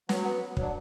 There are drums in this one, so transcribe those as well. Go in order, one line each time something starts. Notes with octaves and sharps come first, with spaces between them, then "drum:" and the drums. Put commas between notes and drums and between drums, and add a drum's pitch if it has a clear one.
F#3 B3, drum: snare
B3
F#3, drum: kick
D4